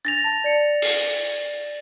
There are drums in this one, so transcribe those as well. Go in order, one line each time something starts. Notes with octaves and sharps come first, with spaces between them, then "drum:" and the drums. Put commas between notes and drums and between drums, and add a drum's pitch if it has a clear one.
D4 A6 A#6 F7
A5
D5 C#7
drum: open hi-hat